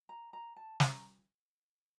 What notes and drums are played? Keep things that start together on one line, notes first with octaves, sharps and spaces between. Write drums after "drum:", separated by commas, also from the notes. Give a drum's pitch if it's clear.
A#5
A#5
A5
A#5, drum: snare